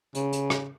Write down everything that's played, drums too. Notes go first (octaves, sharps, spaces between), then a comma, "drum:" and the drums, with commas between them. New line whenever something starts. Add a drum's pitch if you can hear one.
C#3, drum: hi-hat
drum: hi-hat
drum: rim click